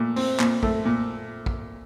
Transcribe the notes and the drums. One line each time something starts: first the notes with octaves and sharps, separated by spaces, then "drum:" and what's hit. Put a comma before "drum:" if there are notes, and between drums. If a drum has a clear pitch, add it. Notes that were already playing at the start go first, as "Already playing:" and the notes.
Already playing: A#2 A3
C4, drum: open hi-hat
A#2, drum: clap
A3, drum: kick
A#2
drum: kick